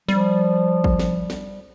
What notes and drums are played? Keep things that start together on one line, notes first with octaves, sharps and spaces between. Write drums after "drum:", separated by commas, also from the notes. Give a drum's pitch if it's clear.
F3 G3, drum: snare
drum: kick
drum: snare
drum: snare